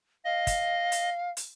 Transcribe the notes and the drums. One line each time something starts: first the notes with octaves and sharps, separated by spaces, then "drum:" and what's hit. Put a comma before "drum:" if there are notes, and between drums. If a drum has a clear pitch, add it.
D#5 F5
drum: kick, hi-hat
drum: hi-hat
drum: hi-hat